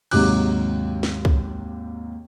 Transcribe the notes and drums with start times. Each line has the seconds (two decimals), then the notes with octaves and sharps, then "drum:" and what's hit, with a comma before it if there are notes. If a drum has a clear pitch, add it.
0.11 D#2 G#2 C3 F#3 D6 F#6, drum: cymbal
1.03 drum: snare
1.25 drum: kick C2